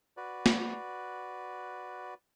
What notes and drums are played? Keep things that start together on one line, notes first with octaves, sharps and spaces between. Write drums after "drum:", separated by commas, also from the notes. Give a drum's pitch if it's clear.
F#4 B4 D5
drum: snare